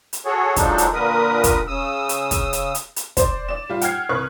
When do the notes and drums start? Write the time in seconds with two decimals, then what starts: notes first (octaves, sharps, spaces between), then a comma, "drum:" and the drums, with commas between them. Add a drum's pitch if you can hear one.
0.13 drum: hi-hat
0.26 F#4 G#4 A4 C#5
0.56 F3 F#3 G#3 D4 D#4 A4, drum: kick, hi-hat
0.78 drum: hi-hat
0.93 A#2 D3 A#4 B4 D#6
1.44 drum: kick, hi-hat
1.68 C#3 D#6 E6
2.09 drum: hi-hat
2.31 drum: kick, hi-hat
2.53 drum: hi-hat
2.75 drum: hi-hat
2.96 drum: hi-hat
3.17 C5 D5, drum: kick, hi-hat
3.49 D5 E7
3.69 G3 F4
3.81 F#5 G5 F6 G#6 C7, drum: hi-hat
4.09 C2 B4 C#6 F#6